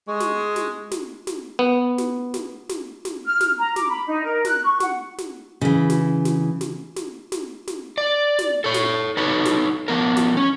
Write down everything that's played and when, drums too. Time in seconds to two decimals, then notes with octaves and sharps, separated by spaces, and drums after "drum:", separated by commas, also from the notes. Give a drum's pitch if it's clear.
0.07 G#3 C#6
0.20 drum: snare
0.56 drum: snare
0.92 drum: snare
1.27 drum: snare
1.59 B3
1.98 drum: snare
2.34 drum: snare
2.69 drum: snare
3.05 drum: snare
3.25 F6
3.41 drum: snare
3.59 A#5
3.76 D6, drum: snare
3.89 B5
4.06 D#4
4.24 A#4
4.45 F#6, drum: snare
4.65 C#6
4.80 F#5, drum: snare
5.19 drum: snare
5.61 C#3 E3
5.90 drum: snare
6.25 drum: snare
6.61 drum: snare
6.96 drum: snare
7.32 drum: snare
7.68 drum: snare
7.98 D5
8.39 drum: snare
8.64 A4 C#5
8.74 drum: snare
9.17 D#4 A4 B4 C#5
9.46 drum: snare
9.88 F3 B3 A#4
10.17 drum: snare
10.37 C#4